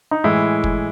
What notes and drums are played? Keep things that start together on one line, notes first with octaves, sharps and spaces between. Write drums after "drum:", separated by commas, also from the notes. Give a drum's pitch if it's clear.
D#4
A2 E3 G#3 E4
drum: kick